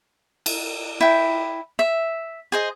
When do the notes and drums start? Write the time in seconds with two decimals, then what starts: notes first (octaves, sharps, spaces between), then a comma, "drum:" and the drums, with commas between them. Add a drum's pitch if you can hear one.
0.46 drum: cymbal
1.01 E4 G5
1.79 E5
2.52 G#4 C5 D#5